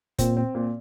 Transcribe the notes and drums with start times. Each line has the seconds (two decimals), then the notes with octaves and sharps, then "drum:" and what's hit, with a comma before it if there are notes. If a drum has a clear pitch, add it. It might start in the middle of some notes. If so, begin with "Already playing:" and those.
0.18 A#2 C4, drum: kick F1, hi-hat
0.37 C4
0.55 A#2